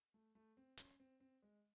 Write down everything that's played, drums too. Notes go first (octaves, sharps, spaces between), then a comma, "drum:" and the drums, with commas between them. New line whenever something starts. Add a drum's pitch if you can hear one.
A3
A3
C4
C#4, drum: hi-hat
C4
C4
G#3